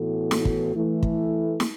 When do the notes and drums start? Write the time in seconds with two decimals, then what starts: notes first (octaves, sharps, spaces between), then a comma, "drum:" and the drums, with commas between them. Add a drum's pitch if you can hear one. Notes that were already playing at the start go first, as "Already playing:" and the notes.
Already playing: A2 E3 B3 F#4 A4
0.31 drum: snare
0.45 drum: kick
0.74 E3 A3 E4
1.03 drum: kick
1.60 drum: snare